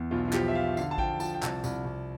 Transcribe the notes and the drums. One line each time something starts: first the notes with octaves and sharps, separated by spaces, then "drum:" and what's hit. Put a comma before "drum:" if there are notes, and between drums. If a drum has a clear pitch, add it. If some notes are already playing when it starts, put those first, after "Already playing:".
Already playing: E2
B1 F4
F4
F3 G4, drum: clap
E5
F3 F5
D3 F5, drum: tambourine
A5
F3 G5, drum: kick A1
F3 A5, drum: tambourine
G5
C2 A5, drum: clap
C2, drum: tambourine
C2